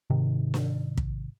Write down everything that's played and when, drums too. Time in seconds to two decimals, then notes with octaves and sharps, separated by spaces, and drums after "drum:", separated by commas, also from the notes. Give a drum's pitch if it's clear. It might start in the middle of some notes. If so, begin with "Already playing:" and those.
0.10 G#2 C3 D#3
0.54 drum: snare
0.97 drum: kick